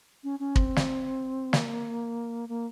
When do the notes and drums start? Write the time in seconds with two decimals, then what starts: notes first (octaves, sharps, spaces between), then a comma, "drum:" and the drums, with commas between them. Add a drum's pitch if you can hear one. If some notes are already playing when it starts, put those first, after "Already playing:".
0.24 C#4
0.40 C#4
0.56 C4, drum: kick
0.76 drum: snare
1.53 A#3, drum: snare
2.49 A#3